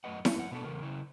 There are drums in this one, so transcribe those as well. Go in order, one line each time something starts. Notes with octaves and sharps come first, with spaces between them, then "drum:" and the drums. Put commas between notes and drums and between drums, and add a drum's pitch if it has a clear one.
F#2 A3 B4 D#5 F#5
C#4, drum: snare E4
F#2 F#5
B2 B3 D4 A4
E2 C#3 A#4
C#3 E4